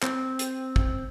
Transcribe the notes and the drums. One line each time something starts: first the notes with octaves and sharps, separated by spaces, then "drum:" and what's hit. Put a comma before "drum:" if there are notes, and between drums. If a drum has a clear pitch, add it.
C4, drum: clap
drum: hi-hat
drum: kick